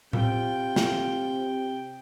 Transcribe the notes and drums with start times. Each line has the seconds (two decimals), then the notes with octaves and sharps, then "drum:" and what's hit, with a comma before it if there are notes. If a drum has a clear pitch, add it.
0.13 C3 F4 G5, drum: tom A2
0.76 drum: snare